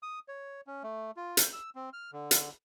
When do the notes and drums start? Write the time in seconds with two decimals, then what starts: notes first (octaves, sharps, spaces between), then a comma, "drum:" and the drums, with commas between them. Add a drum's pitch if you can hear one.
0.03 D#6
0.28 C#5
0.67 C#4
0.83 A3
1.17 F4
1.37 G6, drum: hi-hat
1.53 E6
1.75 C4
1.93 F6
2.13 D3
2.31 drum: hi-hat